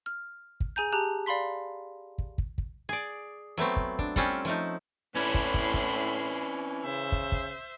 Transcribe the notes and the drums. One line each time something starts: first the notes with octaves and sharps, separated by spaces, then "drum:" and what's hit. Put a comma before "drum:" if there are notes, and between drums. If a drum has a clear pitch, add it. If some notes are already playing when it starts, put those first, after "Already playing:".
F6
drum: kick
G#4 G#5 A#5 G6
G4 G#4 A5 A#5 F#6
D5 F5 B5 C6 B6
drum: kick
drum: kick
drum: kick
G#4 D5
F#3 A3 B3 C4
drum: kick
D4, drum: kick
G3 C4 C#4 F4 A4 F#5, drum: kick
F3 A3 D#4
A2 E3 C#4 D4 B5 C6
drum: kick
drum: kick
drum: kick
C#3 C5 E5
drum: kick
drum: kick